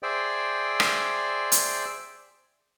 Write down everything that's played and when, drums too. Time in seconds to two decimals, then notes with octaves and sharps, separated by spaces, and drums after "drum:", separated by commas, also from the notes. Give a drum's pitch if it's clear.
0.03 G#4 C5 D5 E5 G5
0.80 drum: rim click
1.52 drum: hi-hat